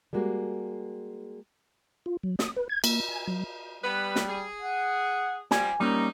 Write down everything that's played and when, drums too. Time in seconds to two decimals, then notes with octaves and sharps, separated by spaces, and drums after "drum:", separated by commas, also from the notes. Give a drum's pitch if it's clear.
0.13 G3 G#3 A#3 F#4
2.06 F4
2.23 F#3
2.39 D#6, drum: snare
2.57 B4
2.69 G#6
2.84 A#3, drum: cymbal
3.08 G#5
3.28 F#3
3.84 G3 B3 B4
4.16 drum: snare
4.29 G#4
4.61 F#5
5.51 F3 G3 G#5, drum: snare
5.80 A#2 G3 A#3 C#4 D#4 A#4